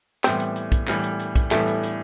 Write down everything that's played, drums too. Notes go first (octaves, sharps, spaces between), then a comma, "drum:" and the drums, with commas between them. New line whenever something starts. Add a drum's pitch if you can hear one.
A2 E3 G3 B3 C4, drum: clap
drum: hi-hat
drum: hi-hat
drum: kick, hi-hat
A2 E3 G3 B3, drum: clap
drum: hi-hat
drum: hi-hat
drum: kick, hi-hat
A2 E3 G3 A3 B3, drum: clap
drum: hi-hat
drum: hi-hat